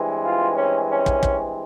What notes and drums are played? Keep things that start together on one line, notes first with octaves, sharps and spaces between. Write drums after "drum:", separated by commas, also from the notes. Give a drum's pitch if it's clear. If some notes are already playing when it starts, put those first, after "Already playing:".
Already playing: G2 E3 G#3 C4
F4
C#4
C#4
drum: kick
drum: kick